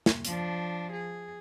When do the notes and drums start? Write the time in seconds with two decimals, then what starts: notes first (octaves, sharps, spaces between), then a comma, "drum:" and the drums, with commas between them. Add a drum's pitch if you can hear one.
0.06 drum: snare
0.25 F3 D4, drum: hi-hat
0.92 G#4